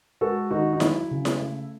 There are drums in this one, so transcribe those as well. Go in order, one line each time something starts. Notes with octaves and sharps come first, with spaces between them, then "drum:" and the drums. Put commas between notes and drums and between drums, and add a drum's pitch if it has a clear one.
G#3 F#4 A4
D#3 D#4 F#4
D#4
F#3 E4, drum: snare E4
C#3
drum: snare E4
A3